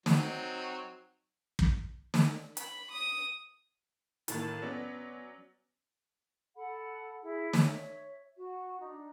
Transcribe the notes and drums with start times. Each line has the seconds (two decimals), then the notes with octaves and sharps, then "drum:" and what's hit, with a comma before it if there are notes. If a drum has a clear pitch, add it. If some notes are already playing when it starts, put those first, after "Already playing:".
0.06 F#3 C4 D#4, drum: snare
1.59 drum: kick
2.14 drum: snare
2.57 B5, drum: hi-hat
2.91 D#6
4.28 A2 D#3 A#3 A5, drum: hi-hat
4.62 F#3 B3 C#4 D5
6.55 A4 F#5 B5
7.21 E4 G#4
7.53 C#5 E5, drum: snare
8.36 F#4
8.80 D4 D#4